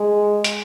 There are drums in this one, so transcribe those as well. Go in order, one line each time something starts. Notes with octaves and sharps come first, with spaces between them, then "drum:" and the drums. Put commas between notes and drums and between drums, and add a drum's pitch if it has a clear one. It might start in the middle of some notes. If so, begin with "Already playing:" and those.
Already playing: G#3
drum: hi-hat